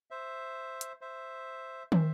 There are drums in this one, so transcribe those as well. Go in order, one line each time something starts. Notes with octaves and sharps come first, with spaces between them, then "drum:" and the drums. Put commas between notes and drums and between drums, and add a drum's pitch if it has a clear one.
C5 E5
drum: hi-hat
C5 E5
C5 E5, drum: tom